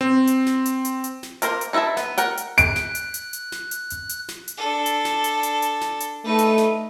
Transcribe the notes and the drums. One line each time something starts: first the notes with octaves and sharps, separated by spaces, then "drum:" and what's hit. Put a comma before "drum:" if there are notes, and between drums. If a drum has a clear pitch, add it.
C4
drum: hi-hat
drum: snare
drum: hi-hat
drum: hi-hat
drum: hi-hat
drum: snare
A#3 A#4 C5, drum: hi-hat
drum: hi-hat
D#4 E4 A4 E5 A5
B3, drum: snare
A#4 F#5 G5, drum: hi-hat
drum: hi-hat
F#6 D7, drum: hi-hat
drum: snare
drum: hi-hat
drum: hi-hat
drum: hi-hat
drum: snare
drum: hi-hat
drum: hi-hat
drum: hi-hat
drum: snare
drum: hi-hat
D4 A4
drum: hi-hat
drum: snare
drum: hi-hat
drum: hi-hat
drum: hi-hat
drum: snare
drum: hi-hat
A3 D#4 B4
drum: hi-hat
drum: snare